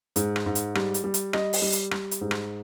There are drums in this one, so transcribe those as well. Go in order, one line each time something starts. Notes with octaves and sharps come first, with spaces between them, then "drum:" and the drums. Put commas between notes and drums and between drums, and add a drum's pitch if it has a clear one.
G#2, drum: hi-hat
drum: rim click
G#2
drum: hi-hat
G3, drum: rim click
drum: hi-hat
G3
drum: hi-hat
G3 D#5, drum: rim click
drum: open hi-hat
G3
drum: hi-hat
G3, drum: rim click
drum: hi-hat
G#2
drum: rim click